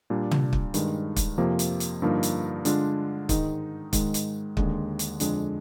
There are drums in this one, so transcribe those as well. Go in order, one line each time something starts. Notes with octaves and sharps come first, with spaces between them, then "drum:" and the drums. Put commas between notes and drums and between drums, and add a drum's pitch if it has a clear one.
A#2 G3 D4
drum: tom
drum: kick
G2 D#3 G#3, drum: hi-hat
drum: kick, hi-hat
F2 C3 F3 A#3
drum: hi-hat
drum: hi-hat
G2 D3 F3 A#3 D#4
drum: hi-hat
D3 G#3 D4 F4, drum: hi-hat
G#2 D#3 G#3 D#4, drum: kick, hi-hat
G#2 D#3 G#3, drum: kick, hi-hat
drum: hi-hat
D#2 D3 G#3, drum: kick
drum: hi-hat
F2 D3 G#3 D4, drum: hi-hat